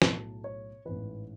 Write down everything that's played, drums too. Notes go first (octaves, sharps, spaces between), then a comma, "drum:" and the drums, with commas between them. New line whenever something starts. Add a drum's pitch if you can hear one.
B1 A2 F#3 A5, drum: snare
C#5
A1 G#2 E3 B4